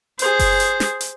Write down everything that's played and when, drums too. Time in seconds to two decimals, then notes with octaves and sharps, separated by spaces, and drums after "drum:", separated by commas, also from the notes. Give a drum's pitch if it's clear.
0.19 G#4 C5, drum: hi-hat
0.39 drum: kick F#1, open hi-hat
0.60 drum: hi-hat
0.80 drum: snare
1.01 drum: hi-hat